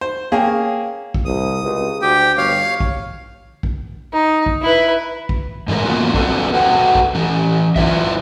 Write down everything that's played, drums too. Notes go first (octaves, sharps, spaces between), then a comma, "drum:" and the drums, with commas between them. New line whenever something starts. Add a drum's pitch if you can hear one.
C5
A#3 C#4 G#4 F5 G5 G#5
drum: kick
C2 D#6
C#2
D2 G4 G5
G1 C#5 F5
drum: kick
drum: kick
D#4
drum: kick
E4 B4
drum: kick
G#2 E3 G#3 A3 C#4 A#4
A#3 B3 C#4 F4 F#4
C4 D4 F#4 A4 B4, drum: kick
F#4 A4 B4 F#5 G5
drum: kick
E3 C#4
E4 F4 B4 D5 E5, drum: kick